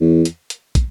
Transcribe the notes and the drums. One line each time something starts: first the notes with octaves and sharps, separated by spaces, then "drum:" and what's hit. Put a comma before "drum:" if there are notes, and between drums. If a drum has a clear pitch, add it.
E2
drum: hi-hat
drum: hi-hat
drum: kick, hi-hat